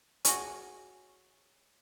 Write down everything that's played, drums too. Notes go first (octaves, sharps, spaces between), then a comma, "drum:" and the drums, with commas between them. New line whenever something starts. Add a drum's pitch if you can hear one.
F#4 G#4 C#5, drum: hi-hat